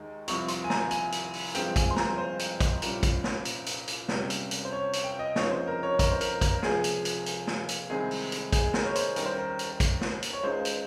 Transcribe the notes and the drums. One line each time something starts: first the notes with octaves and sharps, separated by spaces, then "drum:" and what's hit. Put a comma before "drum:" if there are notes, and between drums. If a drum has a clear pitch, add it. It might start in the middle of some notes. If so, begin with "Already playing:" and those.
Already playing: D#2 D#3 G#3
C2 C3 F3 C#6, drum: hi-hat
C6, drum: hi-hat
G#5
A#5, drum: snare
G#5, drum: hi-hat
drum: hi-hat
drum: open hi-hat
G2 F3 G#3 C4 G5, drum: hi-hat
G#5, drum: kick, hi-hat
C6
A#5, drum: snare
C5
drum: hi-hat
drum: kick, hi-hat
C2 A#2 G3 C#4, drum: hi-hat
drum: kick, hi-hat
drum: snare
drum: hi-hat
drum: hi-hat
drum: hi-hat
C#2 C3 G3 C#4, drum: snare
drum: hi-hat
drum: hi-hat
C5
C#5
drum: hi-hat
G5
D#5
C#2 C#3 F3 C4 D#4 C#5, drum: snare
C5
A#4
C#5
A#4, drum: kick, hi-hat
C5
A#4, drum: hi-hat
drum: kick, hi-hat
A#4
C#2 C3 F3 G#4, drum: snare
drum: hi-hat
drum: hi-hat
drum: hi-hat
drum: snare
drum: hi-hat
C2 C3 D#3 G#3 C4 G#4
drum: open hi-hat
drum: hi-hat
G#4, drum: kick, hi-hat
A#4, drum: snare
C#5
C5, drum: hi-hat
D#2 D#3 G3 C#4 A#4, drum: hi-hat
C5
A#4
drum: hi-hat
drum: kick, hi-hat
drum: snare
drum: hi-hat
C#5
C#2 C#3 G#3 D#4 C5
drum: hi-hat